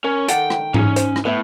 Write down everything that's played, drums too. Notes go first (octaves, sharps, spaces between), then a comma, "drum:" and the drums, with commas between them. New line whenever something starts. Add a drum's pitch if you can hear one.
C#4 A#4
D#3 A4 D5 F#5 G5, drum: hi-hat
drum: rim click
C#4 D#4, drum: tom G#2
C5, drum: hi-hat
drum: rim click
A2 B3 E4 E5